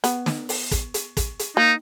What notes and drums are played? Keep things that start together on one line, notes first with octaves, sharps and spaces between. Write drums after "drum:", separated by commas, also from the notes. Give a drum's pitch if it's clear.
B3, drum: hi-hat
drum: snare
drum: open hi-hat
drum: kick, hi-hat
drum: hi-hat
drum: kick, hi-hat
drum: hi-hat
A#3 D#4